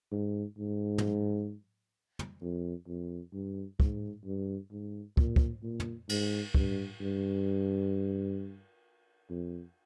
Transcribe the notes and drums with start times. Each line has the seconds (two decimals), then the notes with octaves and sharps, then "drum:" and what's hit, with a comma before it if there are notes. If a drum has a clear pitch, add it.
0.12 G#2
0.58 G#2
0.98 drum: tom
2.19 drum: tom
2.42 F2
2.88 F2
3.33 G2
3.80 G#2, drum: kick
4.25 G2
4.71 G#2
5.17 A#2, drum: kick
5.36 drum: kick
5.63 A#2
5.80 drum: tom
6.09 G#2, drum: cymbal
6.55 G2, drum: kick
7.01 G2
9.30 F2